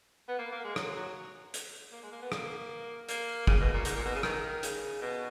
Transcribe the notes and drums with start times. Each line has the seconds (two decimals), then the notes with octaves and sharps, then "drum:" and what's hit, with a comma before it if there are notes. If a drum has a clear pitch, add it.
0.28 B3
0.38 A#3
0.51 A#3
0.64 G#3
0.76 F#3, drum: rim click
0.96 F#3
1.54 drum: hi-hat
1.92 A#3
2.03 G#3
2.11 A#3
2.22 B3
2.32 A#3, drum: rim click
3.09 A#3, drum: hi-hat
3.47 C#3, drum: kick
3.60 B2
3.73 A#2
3.85 G#2, drum: hi-hat
3.95 A#2
4.05 B2
4.15 C#3
4.23 D#3, drum: rim click
4.63 C#3, drum: hi-hat
5.01 B2